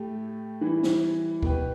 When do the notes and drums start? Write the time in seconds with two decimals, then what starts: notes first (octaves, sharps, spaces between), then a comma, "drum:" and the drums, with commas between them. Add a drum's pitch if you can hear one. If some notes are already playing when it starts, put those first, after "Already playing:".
Already playing: A2 A3 G4
0.61 E3 G3 E4
0.83 drum: snare
1.43 B2 B3 G4 B4, drum: kick